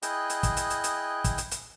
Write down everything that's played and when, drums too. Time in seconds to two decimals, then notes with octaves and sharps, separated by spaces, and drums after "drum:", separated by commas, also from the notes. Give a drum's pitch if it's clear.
0.03 E4 G#4 D#5 G5 F#6, drum: hi-hat
0.30 drum: hi-hat
0.43 drum: kick, hi-hat
0.57 drum: hi-hat
0.70 drum: hi-hat
0.84 drum: hi-hat
1.24 drum: kick, hi-hat
1.38 drum: hi-hat
1.52 drum: hi-hat